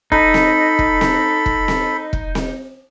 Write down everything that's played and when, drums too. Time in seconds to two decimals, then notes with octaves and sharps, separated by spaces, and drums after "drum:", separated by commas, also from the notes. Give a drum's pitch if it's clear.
0.12 D#4 A4 B5, drum: kick
0.34 drum: snare C4
0.79 drum: kick
1.01 drum: snare C4
1.46 drum: kick
1.68 drum: snare C4
2.13 drum: kick
2.35 drum: snare C4